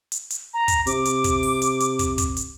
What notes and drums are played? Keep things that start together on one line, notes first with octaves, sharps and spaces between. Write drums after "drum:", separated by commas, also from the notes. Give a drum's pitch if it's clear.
drum: hi-hat
drum: hi-hat
A#5
drum: kick, hi-hat
C3 D6, drum: hi-hat
drum: hi-hat
drum: kick, hi-hat
drum: open hi-hat
drum: hi-hat
drum: hi-hat
drum: kick, hi-hat
drum: kick, hi-hat
drum: hi-hat